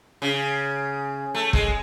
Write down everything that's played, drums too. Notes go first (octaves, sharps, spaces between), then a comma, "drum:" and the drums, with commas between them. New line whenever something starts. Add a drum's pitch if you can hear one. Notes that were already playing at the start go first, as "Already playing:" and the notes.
C#3
A3
G#3, drum: kick